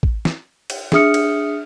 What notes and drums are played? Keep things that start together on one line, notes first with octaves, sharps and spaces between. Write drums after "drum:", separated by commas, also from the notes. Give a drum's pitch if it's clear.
drum: kick A1
drum: snare
drum: cymbal
D4 G#4 E5 D#6 F6 C#7, drum: snare
drum: cymbal